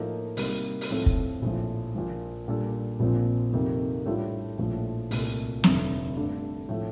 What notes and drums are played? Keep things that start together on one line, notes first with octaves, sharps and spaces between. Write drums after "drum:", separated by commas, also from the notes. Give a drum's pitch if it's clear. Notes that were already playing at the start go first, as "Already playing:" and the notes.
Already playing: A2 F3 A#3 D#4 A4
C3 G3 A#3 D#4, drum: open hi-hat
drum: open hi-hat
A2 F3 C4 F4 A4
drum: kick
A#1 A2 F3
A#1 A#2 F3
A#2 G3 D4 A4
A#1 A#2 F3 C4
F2 C3 D#3 A#3
A2 G3 D4 F4 A4
A#1 A2 F3 A3
C2 A#2 A3, drum: open hi-hat
F1 D#2 D3, drum: snare
G2 D3 A3 D4
A2 F3 A3